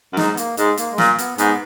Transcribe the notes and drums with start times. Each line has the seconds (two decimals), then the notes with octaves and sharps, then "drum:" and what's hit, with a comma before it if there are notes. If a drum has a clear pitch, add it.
0.13 F#2
0.17 G#2 D#4, drum: snare
0.33 B3
0.37 A#3, drum: hi-hat
0.57 G#2 G#3, drum: hi-hat
0.77 A#3, drum: hi-hat
0.92 G#3
0.98 A#2 A#3, drum: snare
1.19 B3, drum: hi-hat
1.38 G#2 B3, drum: hi-hat